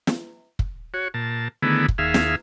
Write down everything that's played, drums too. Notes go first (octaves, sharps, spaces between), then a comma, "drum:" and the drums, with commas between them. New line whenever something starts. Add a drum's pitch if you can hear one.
drum: snare
drum: kick
F#4 C#5
A#2 A5
D3 D#3 A3 B3 E4 G#4
drum: kick
D#2 G#4 E5 F5
drum: snare